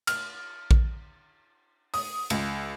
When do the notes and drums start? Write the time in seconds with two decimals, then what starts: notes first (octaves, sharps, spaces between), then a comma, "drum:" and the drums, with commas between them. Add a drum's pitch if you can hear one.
0.07 F6, drum: cymbal
0.71 drum: kick A#1
1.94 D#6, drum: open hi-hat
2.30 C#2, drum: cymbal